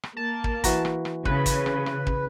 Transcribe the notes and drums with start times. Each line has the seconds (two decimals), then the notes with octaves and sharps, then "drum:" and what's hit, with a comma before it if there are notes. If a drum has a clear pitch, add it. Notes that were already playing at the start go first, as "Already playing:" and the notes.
0.03 drum: rim click
0.17 A#3 A5
0.44 drum: kick
0.64 E3 F#4 A#5, drum: kick, hi-hat
0.85 drum: rim click
1.05 drum: rim click
1.25 C#3 B4, drum: kick
1.46 drum: kick, hi-hat
1.66 drum: rim click
1.86 drum: rim click
2.07 drum: kick